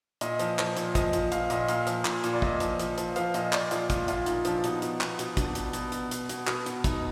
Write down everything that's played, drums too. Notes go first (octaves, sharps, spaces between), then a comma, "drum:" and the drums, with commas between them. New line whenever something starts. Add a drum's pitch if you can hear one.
A#2 D#5, drum: hi-hat
F3, drum: hi-hat
F3, drum: clap
A#2, drum: hi-hat
F3 D#5, drum: kick, hi-hat
F3, drum: hi-hat
A#2 F5, drum: hi-hat
A#2 D#5, drum: hi-hat
A#2 F5, drum: hi-hat
F3, drum: hi-hat
A#2, drum: clap
A#2, drum: hi-hat
D5
A#2 D#5, drum: kick
F3, drum: hi-hat
F3, drum: hi-hat
F3, drum: hi-hat
F3 F5, drum: hi-hat
A#2 D#5, drum: hi-hat
A#2 D5, drum: clap
F3 F4, drum: hi-hat
A#2, drum: kick, hi-hat
A#2 F4, drum: hi-hat
A#2 D#4, drum: hi-hat
F3 D4, drum: hi-hat
B2 D#4, drum: hi-hat
B2, drum: hi-hat
B2, drum: clap
B2, drum: hi-hat
B2 D4, drum: kick, hi-hat
B2, drum: hi-hat
B2, drum: hi-hat
B2, drum: hi-hat
B2, drum: hi-hat
B2, drum: hi-hat
B2, drum: clap
B2, drum: hi-hat
B2 D#4, drum: kick, hi-hat